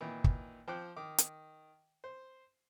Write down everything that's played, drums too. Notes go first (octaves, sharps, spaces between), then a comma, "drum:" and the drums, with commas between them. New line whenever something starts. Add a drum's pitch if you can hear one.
A#2 D#3 E3
drum: kick
F3 C5 G5 D6 F#6
D#3 D6
drum: hi-hat
C5